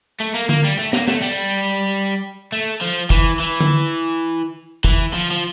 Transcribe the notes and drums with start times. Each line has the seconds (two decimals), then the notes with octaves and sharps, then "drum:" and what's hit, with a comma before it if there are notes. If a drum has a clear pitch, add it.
0.20 A3
0.34 A#3
0.49 A#3, drum: tom
0.64 G3
0.79 A3
0.93 A#3, drum: snare
1.08 A3, drum: snare
1.22 G3
1.31 drum: hi-hat
2.52 A3
2.81 F3
3.10 E3, drum: kick
3.40 E3
3.61 drum: tom
4.85 E3, drum: kick
5.13 F3
5.31 F3